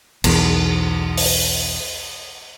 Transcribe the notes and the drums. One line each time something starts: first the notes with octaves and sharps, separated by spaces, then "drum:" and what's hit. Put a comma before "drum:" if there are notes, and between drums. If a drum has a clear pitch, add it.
B1 E2, drum: cymbal
drum: open hi-hat